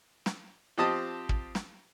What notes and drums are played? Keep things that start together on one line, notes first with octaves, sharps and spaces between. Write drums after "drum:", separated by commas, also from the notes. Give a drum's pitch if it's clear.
drum: snare
F3 C4 G4 D#5 A5 D#6
drum: kick
drum: snare